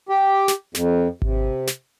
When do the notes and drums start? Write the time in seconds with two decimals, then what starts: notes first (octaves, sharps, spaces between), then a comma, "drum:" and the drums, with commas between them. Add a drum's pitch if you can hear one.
0.09 G4
0.48 drum: snare
0.75 F2, drum: snare
1.22 C3, drum: kick G#1
1.67 drum: snare